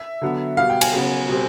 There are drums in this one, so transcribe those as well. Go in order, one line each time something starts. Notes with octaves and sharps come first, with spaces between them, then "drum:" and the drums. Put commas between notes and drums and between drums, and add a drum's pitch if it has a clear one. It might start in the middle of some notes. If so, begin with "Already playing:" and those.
Already playing: E5
D3 F#3 B3
B2 G3 B3 F5
G5
G#5, drum: cymbal
C#3 F#3 B3
B2 G3 C4